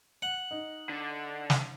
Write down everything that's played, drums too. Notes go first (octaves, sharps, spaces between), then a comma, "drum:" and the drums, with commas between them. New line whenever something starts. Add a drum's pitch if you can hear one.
F#5
D#4
D3
drum: snare